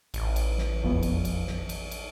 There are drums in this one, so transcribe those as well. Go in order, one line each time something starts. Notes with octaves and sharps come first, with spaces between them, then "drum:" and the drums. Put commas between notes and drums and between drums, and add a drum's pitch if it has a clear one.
A1, drum: cymbal
drum: cymbal
drum: snare
E1 F2 B3
drum: cymbal
drum: cymbal
drum: snare
drum: cymbal
drum: cymbal